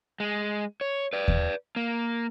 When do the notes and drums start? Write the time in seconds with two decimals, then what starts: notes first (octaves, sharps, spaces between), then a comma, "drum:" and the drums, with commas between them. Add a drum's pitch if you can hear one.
0.20 G#3
0.81 C#5
1.13 B4 D5
1.28 drum: kick D#2
1.76 A#3